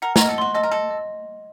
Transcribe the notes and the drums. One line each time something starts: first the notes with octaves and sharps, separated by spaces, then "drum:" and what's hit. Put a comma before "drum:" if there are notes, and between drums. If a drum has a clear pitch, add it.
A#4 F#5
A#4, drum: snare
D#5
A4
F#4 C6
A4 D#5
A#4
A4 D#5
D#5